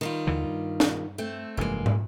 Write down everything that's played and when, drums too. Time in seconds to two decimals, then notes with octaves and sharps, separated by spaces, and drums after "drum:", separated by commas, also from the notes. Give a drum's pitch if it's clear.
0.01 D#3 G3 F4
0.27 D#2 D3 E3
0.44 G2
0.80 drum: snare
1.18 A3 C4
1.57 F1 G2 E3 G#3 A#3
1.86 drum: tom